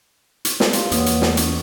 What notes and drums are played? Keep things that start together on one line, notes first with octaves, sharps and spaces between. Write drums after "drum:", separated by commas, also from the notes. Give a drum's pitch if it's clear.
drum: hi-hat
drum: snare
G4 F5 C6, drum: hi-hat
E2 A#3 B4 C#5 F#5 D#6, drum: hi-hat
drum: hi-hat
drum: snare
C#4 A4, drum: hi-hat